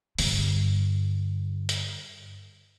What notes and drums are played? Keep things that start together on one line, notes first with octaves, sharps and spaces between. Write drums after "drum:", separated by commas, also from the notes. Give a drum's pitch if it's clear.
G2 D3, drum: open hi-hat
drum: hi-hat